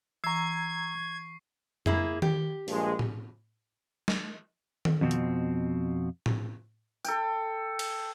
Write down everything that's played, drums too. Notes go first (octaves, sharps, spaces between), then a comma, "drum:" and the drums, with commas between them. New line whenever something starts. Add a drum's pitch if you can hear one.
E3 A#5 C#6 E6 G#6 C7
A#3 E4 G#4, drum: tom F2
G4, drum: tom D#3
A#1 G2 G#3, drum: open hi-hat
drum: tom A2
drum: snare
drum: tom D#3
F2 B2 C4
drum: hi-hat
drum: tom A2
A4 G5, drum: tambourine
drum: cymbal